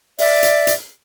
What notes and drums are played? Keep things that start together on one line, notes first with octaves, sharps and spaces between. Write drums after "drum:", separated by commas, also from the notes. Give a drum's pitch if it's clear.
D5 E5, drum: open hi-hat
drum: hi-hat
drum: hi-hat